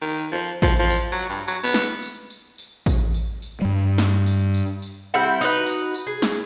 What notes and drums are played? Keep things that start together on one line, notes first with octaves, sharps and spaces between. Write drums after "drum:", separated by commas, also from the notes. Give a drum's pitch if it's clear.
D#3
F3
F3, drum: kick A1, tambourine
F3
drum: tambourine
F#3
G2
F#3, drum: tambourine
B3
drum: snare
drum: tambourine
drum: tambourine
drum: tambourine
drum: kick A1, tambourine
drum: tambourine
drum: tambourine
G2 G3
drum: snare
drum: tambourine
drum: tambourine
drum: tambourine
G3 C4 E4 F#5
D#4 F#4 B4, drum: tambourine
drum: tambourine
drum: tambourine
G#4
drum: snare